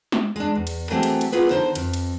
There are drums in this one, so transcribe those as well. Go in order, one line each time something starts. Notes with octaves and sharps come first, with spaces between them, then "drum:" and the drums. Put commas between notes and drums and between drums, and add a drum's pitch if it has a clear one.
drum: snare
G#3 D4
E2
drum: cymbal
E3 F#3 A3 C4 G4 G#4
drum: cymbal
drum: cymbal
A#3 B3 F4 G#4 B4
D3 D#4 C5
F2, drum: cymbal
drum: cymbal